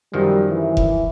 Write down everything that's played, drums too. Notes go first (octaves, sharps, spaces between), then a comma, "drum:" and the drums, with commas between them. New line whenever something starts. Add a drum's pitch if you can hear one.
F#2 D#3 F3 G3
E3
drum: kick F1